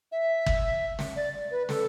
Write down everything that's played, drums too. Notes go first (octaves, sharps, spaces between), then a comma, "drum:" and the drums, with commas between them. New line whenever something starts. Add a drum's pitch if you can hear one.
E5
drum: kick G1
drum: snare
D5
B4
A4, drum: snare